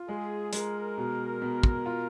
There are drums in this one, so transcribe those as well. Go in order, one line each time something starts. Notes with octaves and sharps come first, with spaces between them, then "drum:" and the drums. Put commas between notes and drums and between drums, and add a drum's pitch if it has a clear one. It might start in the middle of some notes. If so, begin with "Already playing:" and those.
Already playing: F4
G#3 G#4
G#3 A#4, drum: hi-hat
B2
B2
drum: kick
F4